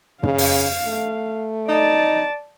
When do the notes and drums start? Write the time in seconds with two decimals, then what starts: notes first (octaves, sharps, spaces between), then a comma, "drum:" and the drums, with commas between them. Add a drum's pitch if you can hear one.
0.23 C#3 F5, drum: tom
0.38 drum: open hi-hat
0.86 A3
1.68 D#4 D5 A5